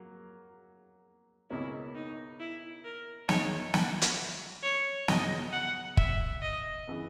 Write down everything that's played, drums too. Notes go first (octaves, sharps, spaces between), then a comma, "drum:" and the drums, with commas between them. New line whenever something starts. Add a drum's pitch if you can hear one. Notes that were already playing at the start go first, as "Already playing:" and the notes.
Already playing: F#3 A#3
C#2 B2 A#3 C#4 E4
D#4
E4
A#4
D#2 D#3 G#3 C#5, drum: snare
F#5, drum: snare
drum: hi-hat
C#5
C#2 B2 F#3 D#5, drum: snare
F#5
E5, drum: kick
D#5
C#3 E3 B3